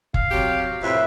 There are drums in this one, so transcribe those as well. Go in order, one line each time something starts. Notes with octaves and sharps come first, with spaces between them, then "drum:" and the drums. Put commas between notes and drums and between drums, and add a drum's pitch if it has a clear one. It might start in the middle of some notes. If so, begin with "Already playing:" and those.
F5, drum: kick F#1
C3 F#3 G4
F2 A2 C3 B4 E5